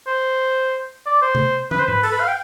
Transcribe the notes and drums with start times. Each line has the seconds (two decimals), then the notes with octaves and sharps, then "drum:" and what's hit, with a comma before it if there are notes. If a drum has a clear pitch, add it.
0.07 C5
1.06 D5
1.22 C5
1.35 drum: tom C3
1.71 B4, drum: tom
1.80 C5
1.88 B4, drum: tom G#2
2.03 A4, drum: open hi-hat
2.12 B4
2.20 F5
2.28 G5